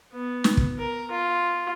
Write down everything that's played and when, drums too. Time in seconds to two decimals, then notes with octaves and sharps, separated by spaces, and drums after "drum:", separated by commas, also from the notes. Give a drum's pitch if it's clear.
0.13 B3
0.44 drum: snare
0.57 drum: kick
0.78 A#4
1.11 F4